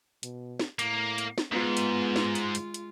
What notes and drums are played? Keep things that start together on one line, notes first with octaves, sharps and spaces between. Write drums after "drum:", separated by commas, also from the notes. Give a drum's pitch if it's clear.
B2, drum: hi-hat
drum: snare
A2 A#3, drum: hi-hat
drum: hi-hat
drum: snare
G#2 G#3 B3 F4
drum: hi-hat
drum: snare
drum: hi-hat
drum: hi-hat
drum: hi-hat